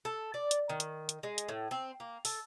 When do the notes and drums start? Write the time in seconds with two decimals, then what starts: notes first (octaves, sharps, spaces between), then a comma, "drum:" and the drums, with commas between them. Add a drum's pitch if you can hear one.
0.05 A4
0.34 D5
0.51 drum: hi-hat
0.69 D#3
0.80 drum: hi-hat
1.09 drum: hi-hat
1.23 G#3
1.38 drum: hi-hat
1.49 A2
1.71 C4
2.00 A#3
2.25 A4, drum: open hi-hat